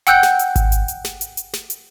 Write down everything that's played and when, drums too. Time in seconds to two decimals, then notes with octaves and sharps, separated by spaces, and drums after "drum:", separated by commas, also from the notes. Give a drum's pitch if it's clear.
0.07 F#5 G5 E6 F#6 G6, drum: hi-hat
0.23 drum: snare
0.39 drum: hi-hat
0.56 drum: kick G#1, hi-hat
0.72 drum: hi-hat
0.88 drum: hi-hat
1.05 drum: snare
1.21 drum: hi-hat
1.37 drum: hi-hat
1.53 drum: snare
1.70 drum: hi-hat